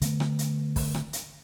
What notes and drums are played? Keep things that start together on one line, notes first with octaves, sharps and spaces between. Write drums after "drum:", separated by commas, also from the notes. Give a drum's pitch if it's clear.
D3 A3 B3, drum: hi-hat
drum: rim click
drum: hi-hat
drum: kick, open hi-hat
drum: rim click
drum: hi-hat